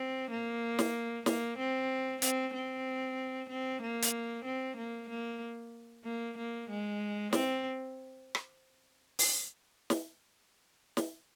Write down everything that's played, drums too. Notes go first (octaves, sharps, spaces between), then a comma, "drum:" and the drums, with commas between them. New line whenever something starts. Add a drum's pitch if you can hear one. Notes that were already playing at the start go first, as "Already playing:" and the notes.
Already playing: C4
A#3
drum: snare
A#3, drum: snare
C4
C4, drum: hi-hat
C4
C4
A#3
drum: hi-hat
C4
A#3
A#3
A#3
A#3
G#3
C4, drum: snare
drum: rim click
drum: open hi-hat
drum: snare
drum: snare